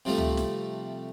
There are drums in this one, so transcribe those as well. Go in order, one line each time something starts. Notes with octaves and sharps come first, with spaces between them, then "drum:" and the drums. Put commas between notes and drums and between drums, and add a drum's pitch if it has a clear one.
C3 F3 G3 A3
drum: tom C#2
drum: snare